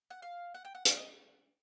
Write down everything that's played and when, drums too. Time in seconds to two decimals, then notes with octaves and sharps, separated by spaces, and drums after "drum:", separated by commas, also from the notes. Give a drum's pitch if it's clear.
0.10 F#5
0.22 F5
0.54 F#5
0.65 G5
0.75 F#5
0.85 F5, drum: hi-hat
0.97 D#5